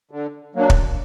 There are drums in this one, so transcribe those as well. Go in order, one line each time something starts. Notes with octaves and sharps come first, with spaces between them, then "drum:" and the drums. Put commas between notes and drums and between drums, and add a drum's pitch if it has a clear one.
D3
F#3 A#3 D4
drum: kick